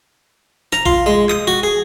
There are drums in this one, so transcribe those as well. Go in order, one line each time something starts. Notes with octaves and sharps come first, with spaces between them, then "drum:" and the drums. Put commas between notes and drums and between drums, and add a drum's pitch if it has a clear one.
A#5, drum: snare
F4, drum: kick A#1
G#3
D#6, drum: clap
F#4
G#4